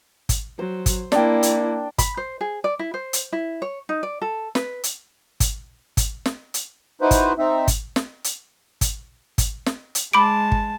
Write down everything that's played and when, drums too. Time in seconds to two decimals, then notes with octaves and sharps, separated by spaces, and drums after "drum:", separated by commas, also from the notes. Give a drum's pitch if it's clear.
0.29 drum: kick, hi-hat
0.59 F#3 C5
0.86 drum: kick, hi-hat
1.12 A#3 D4 E4 G5, drum: snare
1.43 drum: hi-hat
1.98 B5, drum: kick, hi-hat
2.17 C5
2.41 G#4
2.64 D5
2.79 E4
2.94 C5
3.13 drum: hi-hat
3.32 E4
3.62 C#5
3.89 D#4
4.03 D5
4.22 A4
4.55 B4, drum: snare
4.84 drum: hi-hat
5.40 drum: kick, hi-hat
5.97 drum: kick, hi-hat
6.26 drum: snare
6.54 drum: hi-hat
7.01 D#4 E4 F#4 B4 C5
7.11 drum: kick, hi-hat
7.38 C4 D#4 E5
7.68 drum: kick, hi-hat
7.96 drum: snare
8.24 drum: hi-hat
8.81 drum: kick, hi-hat
9.38 drum: kick, hi-hat
9.66 drum: snare
9.95 drum: hi-hat
10.13 G#3 A5 B5 D6 D7
10.52 drum: kick